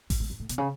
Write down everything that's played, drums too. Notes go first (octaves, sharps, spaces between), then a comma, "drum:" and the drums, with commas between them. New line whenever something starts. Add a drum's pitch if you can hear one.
F#2, drum: kick A1, open hi-hat
G#2
F#2
A2
B2, drum: hi-hat
C#3